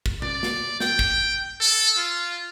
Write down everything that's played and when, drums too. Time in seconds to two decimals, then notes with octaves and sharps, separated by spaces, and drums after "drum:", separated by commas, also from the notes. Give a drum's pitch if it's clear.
0.06 drum: kick
0.22 D5, drum: tom B2
0.43 drum: snare
0.80 G5, drum: snare
0.99 drum: kick
1.61 A4
1.97 F4